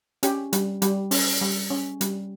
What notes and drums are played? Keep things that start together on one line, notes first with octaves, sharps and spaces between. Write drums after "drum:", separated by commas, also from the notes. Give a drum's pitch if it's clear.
C#4 G4, drum: hi-hat
G3, drum: hi-hat
G3, drum: hi-hat
C#4, drum: open hi-hat
G3
C#4
G3, drum: hi-hat